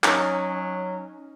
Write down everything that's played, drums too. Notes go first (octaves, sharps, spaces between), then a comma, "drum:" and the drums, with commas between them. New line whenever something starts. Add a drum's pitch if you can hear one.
F#3 C#4 D#4, drum: clap